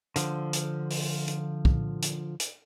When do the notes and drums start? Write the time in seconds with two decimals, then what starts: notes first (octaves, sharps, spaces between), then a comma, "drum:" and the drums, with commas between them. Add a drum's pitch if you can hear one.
0.16 D3 F3, drum: hi-hat
0.53 drum: hi-hat
0.90 drum: open hi-hat
1.28 drum: hi-hat
1.65 drum: kick
2.02 drum: hi-hat
2.40 drum: hi-hat